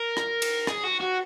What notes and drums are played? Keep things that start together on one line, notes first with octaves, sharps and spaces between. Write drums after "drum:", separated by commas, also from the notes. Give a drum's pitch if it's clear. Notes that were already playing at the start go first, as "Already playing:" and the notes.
Already playing: A#4
drum: rim click
drum: cymbal
G#4, drum: rim click
F#4
F#4